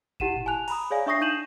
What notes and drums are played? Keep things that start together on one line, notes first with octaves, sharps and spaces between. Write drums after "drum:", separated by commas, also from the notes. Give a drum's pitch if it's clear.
E4 G4 F#5 D#7 E7, drum: kick G1
drum: tom A2
G#5 A5 F#6 F7
A#5 B5 D#6, drum: cymbal
G#4 C#5 D5 F5 G#5
D4 E5 C#6 D#6 A#6 C7
D#4 C#6 G6 D#7 E7 F#7